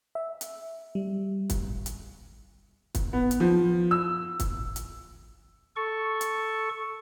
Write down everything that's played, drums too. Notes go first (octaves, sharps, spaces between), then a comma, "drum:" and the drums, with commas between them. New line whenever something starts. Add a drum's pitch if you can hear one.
E5
drum: hi-hat
G3
drum: kick, hi-hat
drum: hi-hat
drum: kick, hi-hat
B3
drum: hi-hat
F3
E6
drum: kick, hi-hat
drum: hi-hat
A4 C#6
drum: hi-hat